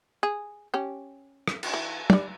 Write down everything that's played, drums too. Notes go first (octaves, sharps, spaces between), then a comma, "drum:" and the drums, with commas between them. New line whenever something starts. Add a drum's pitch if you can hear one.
G#4
C#4 G4
drum: rim click
drum: cymbal
E3
G3 D5, drum: tom